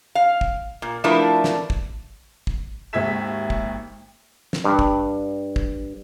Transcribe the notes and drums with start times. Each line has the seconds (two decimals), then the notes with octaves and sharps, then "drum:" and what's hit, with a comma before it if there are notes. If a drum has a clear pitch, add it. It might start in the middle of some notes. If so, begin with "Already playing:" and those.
0.15 F5
0.41 drum: kick
0.82 A#2
1.04 F3 A3 D4 E4 A#4 B4
1.44 drum: snare
1.70 drum: kick
2.47 drum: kick
2.93 G#1 D#2 E5 G#6 B6 E7
3.50 drum: kick
4.53 drum: snare
4.64 G2
4.79 drum: kick
5.56 drum: kick